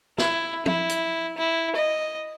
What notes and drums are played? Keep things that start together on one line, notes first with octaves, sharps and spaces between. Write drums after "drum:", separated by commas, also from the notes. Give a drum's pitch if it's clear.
E4, drum: snare
E4, drum: tom
drum: hi-hat
E4
D#5